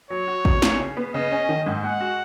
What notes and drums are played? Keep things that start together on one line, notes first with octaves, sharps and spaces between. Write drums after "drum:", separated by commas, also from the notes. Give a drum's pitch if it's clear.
F#3 C#5
F#4
B2, drum: kick A1
C#4, drum: snare
C#3
B3
C#3 D#5
C#4
D#3
G#2
G#3 F#5
F#4